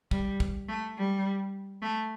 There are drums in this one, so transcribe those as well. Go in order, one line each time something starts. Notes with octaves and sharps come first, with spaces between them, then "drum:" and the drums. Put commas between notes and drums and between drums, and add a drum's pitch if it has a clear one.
G3, drum: kick
drum: kick
A3
G3
A3